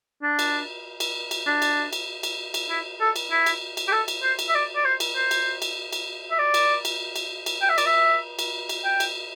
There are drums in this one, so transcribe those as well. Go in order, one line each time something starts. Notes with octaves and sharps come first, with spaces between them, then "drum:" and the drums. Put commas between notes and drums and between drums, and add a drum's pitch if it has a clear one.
D4
drum: cymbal
drum: cymbal
drum: cymbal
D4
drum: cymbal
drum: cymbal
drum: cymbal
drum: cymbal
E4
A4
drum: cymbal
E4
drum: cymbal
drum: cymbal
G4
A4
drum: cymbal
C5
drum: cymbal
E5
D5
D5
C5
drum: cymbal
C5
drum: cymbal
drum: cymbal
drum: cymbal
E5
D5
drum: cymbal
drum: cymbal
drum: cymbal
drum: cymbal
G5
E5
D5, drum: cymbal
E5
drum: cymbal
drum: cymbal
G5
drum: cymbal